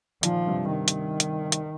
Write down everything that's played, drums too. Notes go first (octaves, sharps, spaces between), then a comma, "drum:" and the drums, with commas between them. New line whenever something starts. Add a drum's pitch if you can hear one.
A#2 D#3 F3, drum: hi-hat
G2 C3
D#3
drum: hi-hat
drum: hi-hat
drum: hi-hat